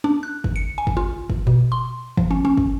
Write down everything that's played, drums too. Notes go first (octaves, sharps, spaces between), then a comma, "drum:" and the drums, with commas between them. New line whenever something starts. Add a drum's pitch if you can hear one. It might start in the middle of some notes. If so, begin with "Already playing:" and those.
D4
F#6
drum: kick
C#7
G#5
drum: kick
F4
drum: kick
B2
C6
F3, drum: kick
C#4
C#4
drum: kick